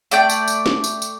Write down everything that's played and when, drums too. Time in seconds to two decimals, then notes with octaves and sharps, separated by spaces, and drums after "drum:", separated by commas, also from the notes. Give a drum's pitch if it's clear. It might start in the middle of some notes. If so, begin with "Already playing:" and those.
0.11 A3 D5 G5 G6, drum: tambourine
0.30 drum: tambourine
0.48 drum: tambourine
0.66 drum: snare
0.84 drum: tambourine
1.02 drum: tambourine